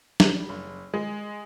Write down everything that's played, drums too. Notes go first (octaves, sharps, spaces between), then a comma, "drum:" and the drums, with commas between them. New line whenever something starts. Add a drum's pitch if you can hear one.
G3, drum: snare
F#1
G#3